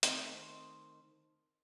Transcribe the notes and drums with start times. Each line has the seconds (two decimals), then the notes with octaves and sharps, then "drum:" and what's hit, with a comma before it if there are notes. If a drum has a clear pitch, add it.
0.03 D#3 A3 C4 C5 D#5, drum: hi-hat